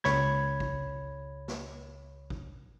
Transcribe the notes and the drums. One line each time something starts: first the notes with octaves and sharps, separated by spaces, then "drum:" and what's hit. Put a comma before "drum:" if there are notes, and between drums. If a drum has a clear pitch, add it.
C#2 C#5 B5 G#6, drum: snare
drum: kick
drum: snare
drum: kick